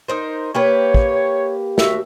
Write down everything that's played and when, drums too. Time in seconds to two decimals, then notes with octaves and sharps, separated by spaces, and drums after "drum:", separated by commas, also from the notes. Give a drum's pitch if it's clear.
0.08 D#4 A#4 C5
0.55 A#3 G4 B4 C#5
0.94 drum: kick
1.78 D#2 F#4 E5, drum: snare